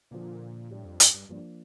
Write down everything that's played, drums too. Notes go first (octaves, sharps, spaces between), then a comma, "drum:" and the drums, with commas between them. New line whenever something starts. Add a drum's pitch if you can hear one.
A#2 D3 F3 A#3
A2 G3 D4 G4
F2
G2, drum: hi-hat
G2
G2 F3 A#3 D4